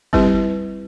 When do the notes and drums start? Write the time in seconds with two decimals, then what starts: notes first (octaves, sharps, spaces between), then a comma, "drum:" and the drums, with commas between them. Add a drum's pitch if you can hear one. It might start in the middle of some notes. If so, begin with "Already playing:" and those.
0.13 G3 C4 E4 G4 B4, drum: kick G1